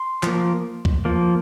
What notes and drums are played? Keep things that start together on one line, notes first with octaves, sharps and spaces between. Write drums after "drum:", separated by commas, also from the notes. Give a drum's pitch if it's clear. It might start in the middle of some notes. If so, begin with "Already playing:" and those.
Already playing: C6
F3 A#3, drum: clap
drum: kick C#2
F3 A#3